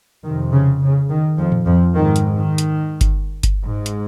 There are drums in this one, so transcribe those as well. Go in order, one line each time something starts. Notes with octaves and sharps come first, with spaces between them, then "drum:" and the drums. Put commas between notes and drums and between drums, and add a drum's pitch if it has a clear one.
F2 C3 D#3
C#3
C#3
D#3
F2 F3
drum: tom A2
F2 F3
G#2 D#3
drum: hi-hat
D#3
drum: hi-hat
drum: kick G1, hi-hat
drum: kick G1, hi-hat
G#2
drum: hi-hat